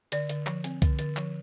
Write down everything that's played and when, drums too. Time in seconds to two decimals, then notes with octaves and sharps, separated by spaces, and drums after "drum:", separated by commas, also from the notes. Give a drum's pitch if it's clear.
0.12 D3 D5, drum: hi-hat
0.29 D3, drum: hi-hat
0.47 F3, drum: clap
0.64 C4, drum: hi-hat
0.82 D3, drum: kick C2, hi-hat
0.99 D3, drum: hi-hat
1.17 F3, drum: clap